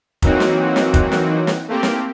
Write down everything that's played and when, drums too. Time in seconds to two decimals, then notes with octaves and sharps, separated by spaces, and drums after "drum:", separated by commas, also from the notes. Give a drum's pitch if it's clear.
0.22 E3 F#3 A#3 C4 D#4 F#4, drum: kick F1
0.40 drum: snare
0.76 drum: snare
0.94 drum: kick F1
1.12 drum: snare
1.47 drum: snare
1.68 A3 A#3 C4 G4
1.83 drum: snare